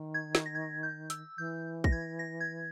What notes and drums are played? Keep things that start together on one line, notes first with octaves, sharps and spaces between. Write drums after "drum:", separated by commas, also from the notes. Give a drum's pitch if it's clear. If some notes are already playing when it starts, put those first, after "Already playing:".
Already playing: D#3
G#6
G#6, drum: snare
A#6
G#6
G6
E6, drum: hi-hat
E3 G6
A#6, drum: kick
G#6
A#6
G#6